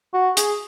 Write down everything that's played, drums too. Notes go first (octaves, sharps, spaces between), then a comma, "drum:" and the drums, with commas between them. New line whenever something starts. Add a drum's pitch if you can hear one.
F#4
G#4, drum: hi-hat